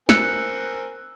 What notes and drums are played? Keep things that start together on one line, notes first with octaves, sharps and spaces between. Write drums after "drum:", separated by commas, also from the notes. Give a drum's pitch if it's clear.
C4 A#4 G#5 E6 F#6 C#7, drum: snare